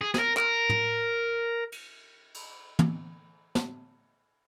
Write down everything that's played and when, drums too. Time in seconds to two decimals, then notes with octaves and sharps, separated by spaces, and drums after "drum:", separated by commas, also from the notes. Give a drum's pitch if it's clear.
0.01 G#4
0.14 G#4, drum: snare
0.19 A#4
0.37 A#4, drum: clap
0.69 drum: tom
1.72 drum: cymbal
2.34 drum: cymbal
2.79 drum: tom
3.55 drum: snare